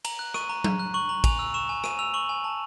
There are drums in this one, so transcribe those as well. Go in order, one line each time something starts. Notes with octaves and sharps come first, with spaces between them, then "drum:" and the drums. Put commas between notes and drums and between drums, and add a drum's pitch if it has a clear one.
A#5 F#7, drum: cymbal
F#6
C#6 D#7, drum: rim click
A#5
A#5, drum: tom F#3
F#6
C#6 F#7
A#5 F#7
G#5 F7, drum: kick, cymbal
E6
C#6 E7
G#5
G#5 D#7, drum: rim click
E6 F7
C#6 F#7
G#5
A5